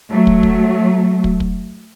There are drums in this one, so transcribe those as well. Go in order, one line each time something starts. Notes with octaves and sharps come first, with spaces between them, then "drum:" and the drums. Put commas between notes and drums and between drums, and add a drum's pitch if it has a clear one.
F#3 A3
drum: kick
drum: kick
drum: kick
drum: kick